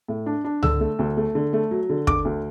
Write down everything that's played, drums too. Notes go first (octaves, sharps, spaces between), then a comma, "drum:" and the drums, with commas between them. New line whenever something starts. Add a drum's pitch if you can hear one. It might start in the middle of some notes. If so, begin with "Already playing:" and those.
A2
D4
D4
D3 E6, drum: tom C#2
A3
D2
A3
D3
A3
F#3
D3
D3 D6, drum: kick
D2